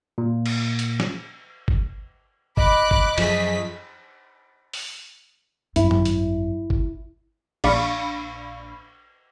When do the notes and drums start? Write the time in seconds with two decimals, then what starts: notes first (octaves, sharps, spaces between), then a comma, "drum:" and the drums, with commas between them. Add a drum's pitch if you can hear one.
0.18 A#2
0.46 drum: cymbal
0.79 drum: hi-hat
1.00 drum: snare
1.68 drum: kick G1
2.57 D#5 B5 D6 F#6, drum: kick G1
2.91 drum: kick G1
3.18 F#2 F3 A3 G#4 B6, drum: cymbal
4.73 drum: open hi-hat
5.76 G#1 F#2 E4, drum: hi-hat
5.91 drum: tom F#2
6.05 drum: hi-hat
6.70 drum: kick G1
7.64 A#1 D4 F5 B5 C#6, drum: cymbal